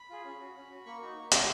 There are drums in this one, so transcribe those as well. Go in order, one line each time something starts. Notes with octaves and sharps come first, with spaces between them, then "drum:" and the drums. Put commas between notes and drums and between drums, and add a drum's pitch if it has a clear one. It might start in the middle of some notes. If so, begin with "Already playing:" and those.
Already playing: B5
F4 G#4
C#4
F#4
C#4
F#4
A#3 C#6
D#4 F#4
A#3
D#4 F#4, drum: hi-hat